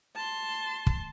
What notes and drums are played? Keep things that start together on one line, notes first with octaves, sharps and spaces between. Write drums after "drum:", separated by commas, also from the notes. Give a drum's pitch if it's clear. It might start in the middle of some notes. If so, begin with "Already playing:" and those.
A5 C6
drum: kick